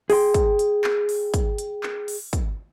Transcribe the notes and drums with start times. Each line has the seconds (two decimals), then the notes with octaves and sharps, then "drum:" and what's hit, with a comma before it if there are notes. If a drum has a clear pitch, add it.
0.10 G#4 G5 C6, drum: open hi-hat
0.34 drum: kick, hi-hat
0.59 drum: hi-hat
0.84 drum: clap
1.09 drum: open hi-hat
1.34 drum: kick, hi-hat
1.58 drum: hi-hat
1.83 drum: clap
2.08 drum: open hi-hat
2.33 drum: kick, hi-hat